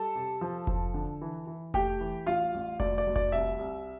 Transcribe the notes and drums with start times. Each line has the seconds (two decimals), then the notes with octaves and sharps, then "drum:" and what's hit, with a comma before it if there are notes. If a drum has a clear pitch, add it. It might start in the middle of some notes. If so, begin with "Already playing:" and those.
Already playing: G3 A4 A5
0.15 C3
0.41 F3
0.67 F3, drum: kick F1
0.94 D3
1.21 E3
1.47 E3
1.74 A3 G4 G5, drum: kick F1
2.00 E3
2.26 A1 F4 F5
2.54 A1
2.80 D2 D5, drum: kick F1
2.98 D5
3.07 D2
3.16 D5, drum: kick F1
3.32 C2 E5
3.59 C2